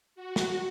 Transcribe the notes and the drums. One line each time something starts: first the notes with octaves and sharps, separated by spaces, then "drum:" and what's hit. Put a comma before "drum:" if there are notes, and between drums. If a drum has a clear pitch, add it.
F#4
drum: snare